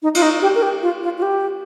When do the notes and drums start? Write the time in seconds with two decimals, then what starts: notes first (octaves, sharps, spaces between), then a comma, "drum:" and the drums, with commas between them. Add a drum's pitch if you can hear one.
0.02 D#4
0.15 F4, drum: cymbal
0.22 D#4
0.42 G4
0.55 A#4
0.62 G4
0.82 F4
1.03 F4
1.17 F4
1.22 G4